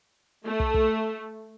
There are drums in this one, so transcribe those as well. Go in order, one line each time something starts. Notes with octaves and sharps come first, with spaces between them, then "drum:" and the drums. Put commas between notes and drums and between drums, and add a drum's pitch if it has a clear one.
A3
drum: kick
drum: kick